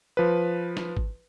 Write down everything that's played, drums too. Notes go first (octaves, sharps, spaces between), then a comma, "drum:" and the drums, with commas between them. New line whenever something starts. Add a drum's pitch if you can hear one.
F3 B4
drum: snare
drum: kick G#1